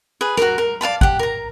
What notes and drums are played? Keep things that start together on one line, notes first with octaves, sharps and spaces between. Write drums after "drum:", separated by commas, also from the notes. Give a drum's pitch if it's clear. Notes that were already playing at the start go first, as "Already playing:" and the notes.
G#4 B4
F#4 A#4, drum: snare
A#4
D5 F5 A5 B5
G4 F#5, drum: kick
A#4 A#5